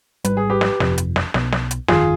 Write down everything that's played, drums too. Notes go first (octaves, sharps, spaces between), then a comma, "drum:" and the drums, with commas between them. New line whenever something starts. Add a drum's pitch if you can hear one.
G#1 G#2 G3 B4, drum: hi-hat
G#4
G4 B4
drum: snare
G1 F2 C3 F3, drum: snare
drum: hi-hat
drum: snare
B1 B2 B3, drum: snare
drum: snare
drum: hi-hat
G1 F2 C3 D#3 F4 G#4, drum: snare